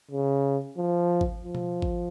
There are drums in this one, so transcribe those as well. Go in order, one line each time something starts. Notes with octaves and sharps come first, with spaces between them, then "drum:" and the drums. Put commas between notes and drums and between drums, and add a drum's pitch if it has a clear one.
C#3
F3
drum: kick G#1
F3
drum: tom B2
drum: kick G#1